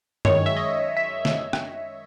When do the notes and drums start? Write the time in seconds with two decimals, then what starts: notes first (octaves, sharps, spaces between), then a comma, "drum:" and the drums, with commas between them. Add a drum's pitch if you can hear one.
0.25 F#2 D#3 G#3 C#5, drum: tom G2
0.46 E5
0.57 D#5
0.97 E5
1.25 drum: snare
1.53 drum: rim click